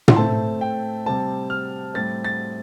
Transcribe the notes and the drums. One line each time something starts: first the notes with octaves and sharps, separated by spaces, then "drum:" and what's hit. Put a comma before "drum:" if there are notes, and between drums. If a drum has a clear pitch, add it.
C6, drum: tom
A2 A3 C4 A5
G5
C3 G3 C4 A5
F6
A2 G3 C4 A6
A6